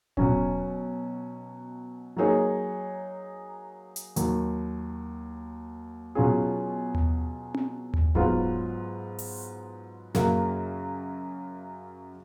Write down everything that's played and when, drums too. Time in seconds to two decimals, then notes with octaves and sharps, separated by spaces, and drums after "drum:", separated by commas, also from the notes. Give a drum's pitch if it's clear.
0.17 B2 F#3 C#4, drum: kick D#1
2.17 F#3 A#3 D#4 G#4 C#5
3.96 drum: hi-hat
4.16 D#2 D#3 F#3, drum: hi-hat
6.15 B2 F#3 C#4 F4 G#4
6.95 drum: tom D#2
7.54 drum: tom C4
7.94 drum: tom D#2
8.15 G#2 F#3 B3 F4, drum: kick D#1
9.19 drum: open hi-hat
10.14 F#2 C#3 F#3 A#3, drum: snare